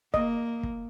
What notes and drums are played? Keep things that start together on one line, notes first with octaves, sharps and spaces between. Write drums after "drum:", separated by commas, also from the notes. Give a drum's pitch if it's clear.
A#3 D#5, drum: kick
drum: kick